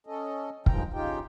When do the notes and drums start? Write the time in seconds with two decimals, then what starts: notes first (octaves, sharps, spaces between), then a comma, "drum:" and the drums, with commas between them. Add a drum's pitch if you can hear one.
0.07 C#4 A4 D#5
0.66 G2 D#3 F3 G#3 G5 A#5, drum: kick
0.94 C#3 D#4 F4 G4 G5